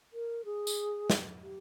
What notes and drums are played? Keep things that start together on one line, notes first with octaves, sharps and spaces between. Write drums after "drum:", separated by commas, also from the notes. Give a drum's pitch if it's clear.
A#4
G#4
drum: tambourine
drum: snare
G4